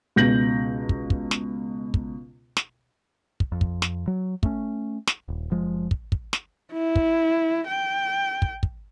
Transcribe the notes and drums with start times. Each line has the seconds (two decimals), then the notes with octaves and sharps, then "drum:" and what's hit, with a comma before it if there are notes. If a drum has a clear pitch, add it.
0.16 C#2 B2 G6 A#6 F#7
0.89 drum: kick
1.10 drum: kick
1.31 drum: snare
1.94 drum: kick
2.57 drum: snare
3.40 drum: kick
3.52 F2
3.61 drum: kick
3.82 drum: snare
4.07 F#3
4.43 A3 C#4, drum: kick
5.07 drum: snare
5.28 D#1
5.51 F#1 F3 G#3
5.91 drum: kick
6.12 drum: kick
6.33 drum: snare
6.72 E4
6.96 drum: kick
7.67 G5
8.42 drum: kick
8.63 drum: kick